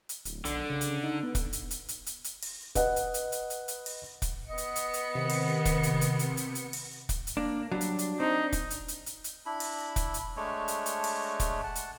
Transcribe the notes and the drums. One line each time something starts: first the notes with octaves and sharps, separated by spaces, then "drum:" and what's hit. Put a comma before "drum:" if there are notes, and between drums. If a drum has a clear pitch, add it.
drum: hi-hat
D1, drum: hi-hat
B1 D3, drum: hi-hat
C#3
drum: hi-hat
D#4
B3
drum: kick, hi-hat
drum: hi-hat
drum: hi-hat
drum: hi-hat
drum: hi-hat
drum: hi-hat
drum: open hi-hat
B4 D#5 F#5, drum: kick, hi-hat
drum: hi-hat
drum: hi-hat
drum: hi-hat
drum: hi-hat
drum: hi-hat
drum: open hi-hat
drum: kick, hi-hat
B3 D#5 C#7
drum: hi-hat
drum: hi-hat
drum: hi-hat
C3 D#3
drum: open hi-hat
drum: kick, hi-hat
drum: hi-hat
drum: hi-hat
drum: hi-hat
drum: hi-hat
drum: hi-hat
drum: open hi-hat
drum: kick, hi-hat
drum: hi-hat
A#3 D4
F#3 G3 D4
drum: hi-hat
drum: hi-hat
C4 D#4
drum: kick, hi-hat
drum: hi-hat
drum: hi-hat
drum: hi-hat
drum: hi-hat
D4 E4 B5
drum: open hi-hat
drum: kick, hi-hat
drum: hi-hat
G#3 A3 D4 C#5
drum: hi-hat
drum: hi-hat
drum: open hi-hat
drum: kick, hi-hat
F#5 A5
drum: hi-hat